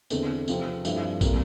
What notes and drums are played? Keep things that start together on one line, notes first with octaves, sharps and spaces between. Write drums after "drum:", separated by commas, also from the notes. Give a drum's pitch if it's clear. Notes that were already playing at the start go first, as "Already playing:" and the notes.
E2 D3 A3 C4, drum: tambourine
C3 F3 C4, drum: tambourine
G2 F3 A3 E4, drum: tambourine
C3 G3 A#3, drum: kick, tambourine